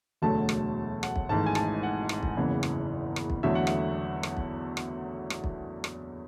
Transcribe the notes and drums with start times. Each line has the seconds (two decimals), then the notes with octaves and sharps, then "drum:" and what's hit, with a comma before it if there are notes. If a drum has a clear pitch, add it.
0.22 E1 D2 D3 F#3 A3 A5
0.49 drum: rim click
1.03 F#5, drum: rim click
1.16 drum: kick
1.29 G#1 G#2 E3 A3 A5
1.46 G#5
1.55 A5, drum: rim click
1.83 F#5
2.09 drum: rim click
2.23 drum: kick
2.36 F#1 E2 C#3 E3
2.63 drum: rim click
3.16 drum: rim click
3.30 drum: kick
3.43 E2 D3 F#3 A3 E5
3.55 F#5
3.67 E5, drum: rim click
4.23 drum: rim click
4.37 drum: kick
4.77 drum: rim click
5.30 drum: rim click
5.44 drum: kick
5.84 drum: rim click